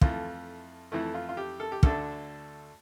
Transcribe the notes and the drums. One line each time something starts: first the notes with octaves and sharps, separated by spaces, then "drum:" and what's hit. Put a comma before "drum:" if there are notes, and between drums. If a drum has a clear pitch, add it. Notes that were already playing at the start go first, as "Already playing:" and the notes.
F2 E3 A3 F4, drum: kick
F2 E3 A3 E4
F4
F4
G4
A4
G4
D2 D3 A3 D4 A4, drum: kick